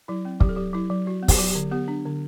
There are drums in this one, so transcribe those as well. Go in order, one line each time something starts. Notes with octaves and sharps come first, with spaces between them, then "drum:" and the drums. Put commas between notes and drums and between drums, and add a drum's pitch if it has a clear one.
F#3 E4
C4
F#3 G4, drum: kick
A4
F#3 G4
F#3 E4
F#3
F#3 F#4
B3
G4, drum: kick, open hi-hat
F#3
G4
D3
B3 G4
D4
D3